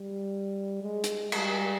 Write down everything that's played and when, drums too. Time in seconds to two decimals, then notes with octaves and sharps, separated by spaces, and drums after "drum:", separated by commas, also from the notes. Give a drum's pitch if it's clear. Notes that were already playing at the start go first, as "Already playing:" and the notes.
Already playing: G3
0.82 G#3
1.04 drum: hi-hat
1.32 G3, drum: cymbal